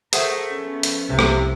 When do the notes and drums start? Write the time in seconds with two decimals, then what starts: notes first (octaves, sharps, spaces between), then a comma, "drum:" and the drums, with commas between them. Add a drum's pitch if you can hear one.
0.13 A3 G#4 A#4 C5 F#5, drum: hi-hat
0.51 F3 B3 C#4
0.83 drum: hi-hat
1.09 C2 C3
1.19 drum: rim click